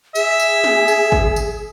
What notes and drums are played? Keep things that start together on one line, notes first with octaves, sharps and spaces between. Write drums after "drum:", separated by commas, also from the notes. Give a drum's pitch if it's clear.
G#4 E5, drum: tambourine
drum: tambourine
drum: snare
drum: tambourine
drum: kick
drum: tambourine